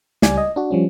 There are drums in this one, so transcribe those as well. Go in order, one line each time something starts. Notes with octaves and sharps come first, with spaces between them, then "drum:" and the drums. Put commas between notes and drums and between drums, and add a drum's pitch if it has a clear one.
C#2 G3 D5 G#5, drum: snare
D#5
D4 F#4
F3 G3 C#4